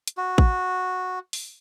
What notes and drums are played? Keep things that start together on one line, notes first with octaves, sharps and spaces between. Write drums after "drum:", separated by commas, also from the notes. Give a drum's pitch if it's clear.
drum: hi-hat
F#4
drum: kick
drum: open hi-hat